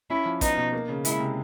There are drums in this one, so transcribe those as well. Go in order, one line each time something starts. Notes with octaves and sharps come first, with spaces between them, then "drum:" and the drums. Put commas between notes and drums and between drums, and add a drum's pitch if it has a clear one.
C#4 E4
F3
B3 D#4, drum: kick, hi-hat
B2
A#3
C#3
G#3 E4, drum: hi-hat
C3